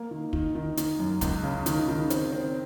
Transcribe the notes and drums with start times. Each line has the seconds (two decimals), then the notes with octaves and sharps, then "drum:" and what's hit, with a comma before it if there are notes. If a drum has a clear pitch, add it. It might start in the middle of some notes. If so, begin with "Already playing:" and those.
Already playing: A#3
0.11 D#3
0.33 D#3, drum: kick
0.55 D#3
0.77 D#3, drum: hi-hat
0.99 F#2
1.21 C#2, drum: kick, hi-hat
1.43 C#3
1.66 D#3, drum: hi-hat
1.88 D#3
2.10 C4, drum: hi-hat
2.32 C4